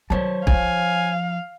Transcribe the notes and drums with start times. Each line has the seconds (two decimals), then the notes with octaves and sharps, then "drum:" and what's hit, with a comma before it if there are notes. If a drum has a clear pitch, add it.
0.10 D#3 F#3 C5 C#5 A5
0.47 F3 F5 G#5, drum: kick